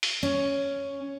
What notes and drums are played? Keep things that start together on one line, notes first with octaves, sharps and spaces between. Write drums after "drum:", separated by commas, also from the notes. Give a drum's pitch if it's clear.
drum: open hi-hat
C#4